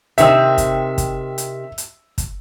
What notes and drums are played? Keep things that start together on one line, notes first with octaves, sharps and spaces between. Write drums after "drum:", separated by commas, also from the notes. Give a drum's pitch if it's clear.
C3 D#3 C4 E5 E6, drum: hi-hat
drum: kick, hi-hat
drum: kick, hi-hat
drum: hi-hat
drum: hi-hat
drum: kick, hi-hat